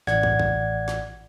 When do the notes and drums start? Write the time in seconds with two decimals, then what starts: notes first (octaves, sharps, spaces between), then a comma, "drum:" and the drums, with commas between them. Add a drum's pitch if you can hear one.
0.07 A1 D5 F#5 G#6, drum: snare
0.23 drum: kick
0.39 drum: kick
0.88 drum: snare